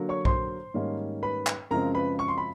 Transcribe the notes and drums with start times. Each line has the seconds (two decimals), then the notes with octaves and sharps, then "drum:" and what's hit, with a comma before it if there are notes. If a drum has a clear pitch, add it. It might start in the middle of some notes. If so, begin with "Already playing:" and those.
Already playing: D3 F#3 A#3
0.09 C#5 C#6
0.25 C5 C6, drum: kick B1
0.74 G#2 D#3 G3 A#3 C#4
1.23 B4 B5
1.47 drum: clap
1.71 F#2 C#3 F3 G#3 C4 A#4 A#5
1.95 B4 B5
2.19 C#6
2.28 C6
2.38 B5